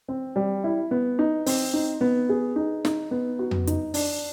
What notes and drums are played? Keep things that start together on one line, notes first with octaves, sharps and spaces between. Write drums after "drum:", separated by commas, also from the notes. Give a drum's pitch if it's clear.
C4
G3
E4
B3
D#4
C4, drum: open hi-hat
D#4
B3
G#4
D#4
D#4, drum: snare
B3
F#4
drum: tom F2
D#4, drum: hi-hat
D4, drum: open hi-hat